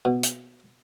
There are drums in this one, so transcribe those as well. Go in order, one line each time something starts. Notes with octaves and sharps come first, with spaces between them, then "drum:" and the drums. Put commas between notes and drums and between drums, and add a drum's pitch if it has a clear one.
B2
drum: hi-hat